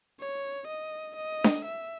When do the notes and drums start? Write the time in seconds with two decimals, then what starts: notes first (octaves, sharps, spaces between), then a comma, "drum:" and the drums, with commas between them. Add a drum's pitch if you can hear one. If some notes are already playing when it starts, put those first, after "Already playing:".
0.20 C#5
0.68 D#5
1.17 D#5
1.44 drum: snare D4
1.65 E5